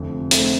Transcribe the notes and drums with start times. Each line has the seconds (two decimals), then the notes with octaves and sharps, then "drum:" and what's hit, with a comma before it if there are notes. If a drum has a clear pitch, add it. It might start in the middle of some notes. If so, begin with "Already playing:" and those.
Already playing: F1 F2 D3
0.31 A3 C4, drum: hi-hat